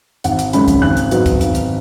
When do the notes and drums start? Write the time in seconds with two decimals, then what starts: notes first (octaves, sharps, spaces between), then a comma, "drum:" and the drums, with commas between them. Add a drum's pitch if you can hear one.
0.24 G#1 F#5, drum: hi-hat
0.39 drum: hi-hat
0.53 F#2 C#3 G#3 B5, drum: hi-hat
0.68 drum: kick, hi-hat
0.82 G#1 F#6
0.97 drum: hi-hat
1.11 G#2 F#3 B3, drum: hi-hat
1.26 drum: kick, hi-hat
1.41 G#1, drum: hi-hat
1.55 drum: hi-hat